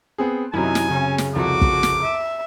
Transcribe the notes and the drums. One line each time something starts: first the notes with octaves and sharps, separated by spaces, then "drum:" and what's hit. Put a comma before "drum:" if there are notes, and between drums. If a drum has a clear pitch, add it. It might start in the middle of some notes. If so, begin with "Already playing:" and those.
B3 C4 G#4
F#2 C3 D#3 F#3 E4 G#5
drum: snare
C#3 C#4
drum: snare
C2 F2 F3 F#4 D6
drum: kick
drum: snare
E5